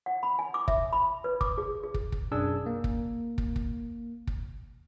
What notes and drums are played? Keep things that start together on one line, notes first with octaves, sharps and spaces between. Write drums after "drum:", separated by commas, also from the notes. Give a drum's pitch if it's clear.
F#5
B5
G#5
D6
E5, drum: kick
B5
B4
D6, drum: kick
G#4
G#4
drum: kick
drum: kick
B1 F#2 D4 G#4 E6
A#3
drum: kick
drum: kick
drum: kick
drum: kick